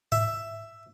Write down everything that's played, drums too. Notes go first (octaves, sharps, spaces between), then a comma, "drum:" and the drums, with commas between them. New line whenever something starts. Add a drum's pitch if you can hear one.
E5, drum: tom G#2